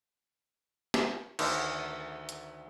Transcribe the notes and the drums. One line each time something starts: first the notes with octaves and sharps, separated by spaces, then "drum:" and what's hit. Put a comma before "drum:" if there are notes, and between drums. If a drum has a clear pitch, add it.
drum: snare
D2 D3 D#3, drum: cymbal
drum: hi-hat